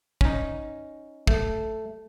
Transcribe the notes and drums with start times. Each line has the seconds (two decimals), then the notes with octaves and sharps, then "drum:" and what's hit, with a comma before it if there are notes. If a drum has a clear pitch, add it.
0.21 C#4 D#4, drum: kick
1.27 A3, drum: kick